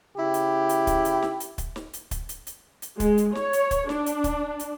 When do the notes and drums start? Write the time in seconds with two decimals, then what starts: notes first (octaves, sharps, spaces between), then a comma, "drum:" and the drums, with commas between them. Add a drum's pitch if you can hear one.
0.17 C#3 E4 G4
0.34 drum: hi-hat
0.69 drum: hi-hat
0.87 drum: kick, hi-hat
1.05 drum: hi-hat
1.23 drum: snare
1.40 drum: hi-hat
1.58 drum: kick, hi-hat
1.76 drum: snare
1.93 drum: hi-hat
2.11 drum: kick, hi-hat
2.29 drum: hi-hat
2.47 drum: hi-hat
2.82 drum: hi-hat
3.00 G#3, drum: kick, hi-hat
3.18 drum: hi-hat
3.35 C#5, drum: snare
3.53 drum: hi-hat
3.71 drum: kick, hi-hat
3.89 D4, drum: snare
4.06 drum: hi-hat
4.24 drum: kick, hi-hat
4.59 drum: hi-hat